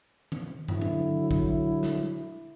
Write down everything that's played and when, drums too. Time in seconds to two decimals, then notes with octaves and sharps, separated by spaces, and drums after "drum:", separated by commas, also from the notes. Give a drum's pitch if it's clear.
0.32 drum: tom D#3
0.68 D3 F#3 E4, drum: tom
0.82 drum: tom D#3
1.31 drum: kick
1.83 drum: snare